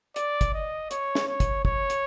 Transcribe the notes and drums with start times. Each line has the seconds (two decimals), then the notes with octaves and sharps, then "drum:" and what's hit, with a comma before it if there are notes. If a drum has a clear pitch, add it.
0.16 D5, drum: hi-hat
0.41 drum: kick, hi-hat
0.54 D#5
0.91 C#5, drum: hi-hat
1.15 drum: snare
1.27 C#5
1.40 drum: kick, hi-hat
1.65 C#5, drum: kick
1.90 drum: hi-hat